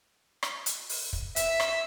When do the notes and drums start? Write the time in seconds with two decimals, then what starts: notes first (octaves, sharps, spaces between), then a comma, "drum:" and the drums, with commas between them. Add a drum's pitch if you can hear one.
0.43 drum: rim click
0.66 drum: hi-hat
0.89 drum: open hi-hat
1.13 drum: kick
1.36 E5, drum: hi-hat
1.60 drum: rim click